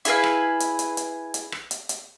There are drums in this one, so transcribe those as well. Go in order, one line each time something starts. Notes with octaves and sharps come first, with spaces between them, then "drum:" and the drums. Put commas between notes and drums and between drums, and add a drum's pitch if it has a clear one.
E4 G#4 B4 F5, drum: hi-hat
drum: rim click
drum: hi-hat
drum: hi-hat
drum: hi-hat
drum: hi-hat
drum: rim click
drum: hi-hat
drum: hi-hat